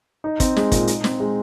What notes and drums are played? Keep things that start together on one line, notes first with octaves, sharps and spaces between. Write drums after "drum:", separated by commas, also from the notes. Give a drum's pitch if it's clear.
D#4
C4, drum: kick, hi-hat
G#3, drum: snare
A#2, drum: kick, hi-hat
D#4, drum: hi-hat
C4, drum: snare
G#3